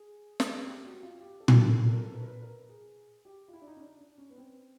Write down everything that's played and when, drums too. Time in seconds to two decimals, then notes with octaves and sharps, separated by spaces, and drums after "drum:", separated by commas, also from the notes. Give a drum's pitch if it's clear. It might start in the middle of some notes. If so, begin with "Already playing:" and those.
Already playing: G#4
0.40 G4, drum: snare
0.46 G#4
0.65 G4
0.84 F#4
1.03 F4
1.21 G4
1.40 A4
1.48 A#4, drum: tom A#2
1.55 A4
1.63 A#4
1.71 A4
1.79 A#4
1.86 A4
1.93 A#4
2.02 A4
2.14 B4
2.23 A#4
2.28 B4
2.42 A#4
2.69 G#4
3.25 G4
3.48 F4
3.53 E4
3.62 D4
3.67 D#4
3.76 C#4
3.82 D4
4.01 D4
4.18 C#4
4.30 B3
4.38 C4